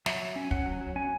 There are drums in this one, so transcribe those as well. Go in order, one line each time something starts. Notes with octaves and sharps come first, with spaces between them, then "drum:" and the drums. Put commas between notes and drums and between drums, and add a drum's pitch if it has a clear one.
F#3 E5, drum: snare
F#3
C#4
G#5
C#4 F#5, drum: kick
F#3
F#3
C#4 G#5